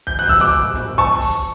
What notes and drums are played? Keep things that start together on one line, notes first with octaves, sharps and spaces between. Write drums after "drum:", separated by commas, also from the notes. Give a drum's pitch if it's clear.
G6, drum: kick
F#6
E6, drum: kick, open hi-hat
D6 F#6
drum: kick
drum: snare
A5 C#6, drum: kick
drum: kick, open hi-hat